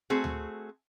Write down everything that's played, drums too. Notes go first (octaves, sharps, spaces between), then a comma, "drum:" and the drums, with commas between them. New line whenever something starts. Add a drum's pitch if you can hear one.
A3 C4 F#4 G#4
drum: tom D2